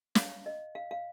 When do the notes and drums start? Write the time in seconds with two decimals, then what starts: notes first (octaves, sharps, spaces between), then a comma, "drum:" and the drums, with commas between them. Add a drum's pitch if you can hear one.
0.15 F5, drum: snare
0.46 D#5
0.75 F5
0.91 F5